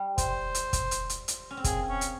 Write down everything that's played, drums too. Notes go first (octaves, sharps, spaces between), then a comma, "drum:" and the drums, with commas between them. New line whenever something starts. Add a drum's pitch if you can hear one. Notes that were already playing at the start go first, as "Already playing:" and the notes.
Already playing: G3
C5, drum: kick, hi-hat
drum: hi-hat
drum: kick, hi-hat
drum: hi-hat
drum: hi-hat
drum: hi-hat
C#4
C4
A#3 G#4, drum: kick, hi-hat
C#4
drum: hi-hat